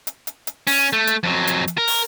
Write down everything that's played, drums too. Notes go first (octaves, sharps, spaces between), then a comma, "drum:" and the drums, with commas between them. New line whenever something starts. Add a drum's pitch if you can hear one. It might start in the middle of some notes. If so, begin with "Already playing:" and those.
drum: hi-hat
drum: hi-hat
drum: hi-hat
C#4, drum: open hi-hat
A3
drum: hi-hat
F2 F#3
drum: hi-hat
drum: hi-hat
A#4
drum: open hi-hat